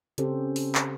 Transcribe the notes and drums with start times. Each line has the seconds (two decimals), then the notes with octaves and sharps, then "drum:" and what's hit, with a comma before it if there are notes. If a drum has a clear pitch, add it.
0.18 C#3 C4 C#4 G4 A4 C5, drum: hi-hat
0.56 drum: open hi-hat
0.75 drum: clap